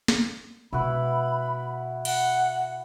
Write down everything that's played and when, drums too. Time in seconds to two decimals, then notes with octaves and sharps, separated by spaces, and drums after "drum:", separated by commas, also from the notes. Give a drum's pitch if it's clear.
0.08 drum: snare
0.73 B2 G#3 E4 F#4 B4 B5
2.05 F#5, drum: cymbal